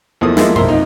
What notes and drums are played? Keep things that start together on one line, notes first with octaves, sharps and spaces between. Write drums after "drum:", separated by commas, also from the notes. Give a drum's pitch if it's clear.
E2 F3 A3 A#3 D#6
E3 F3 G#3 A#3 B3 E4, drum: snare
B1 A#4 E5 C6, drum: tom F2
F2 D#4